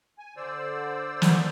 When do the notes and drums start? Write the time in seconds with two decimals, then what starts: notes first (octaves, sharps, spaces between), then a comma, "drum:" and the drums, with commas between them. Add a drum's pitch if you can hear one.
0.18 G#5
0.37 D3 C5 D5 E6
1.22 drum: snare